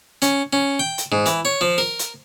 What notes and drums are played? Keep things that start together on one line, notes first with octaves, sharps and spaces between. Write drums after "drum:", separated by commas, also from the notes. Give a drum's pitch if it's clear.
C#4, drum: hi-hat
C#4
G5
drum: hi-hat
G#2
E3, drum: hi-hat
C#5
F3
A#4
drum: hi-hat